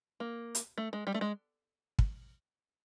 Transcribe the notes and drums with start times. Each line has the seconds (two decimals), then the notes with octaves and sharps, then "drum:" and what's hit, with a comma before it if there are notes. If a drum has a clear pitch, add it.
0.20 A#3
0.55 drum: hi-hat
0.78 A3
0.93 G#3
1.07 G3
1.14 A3
1.21 G#3
1.99 drum: kick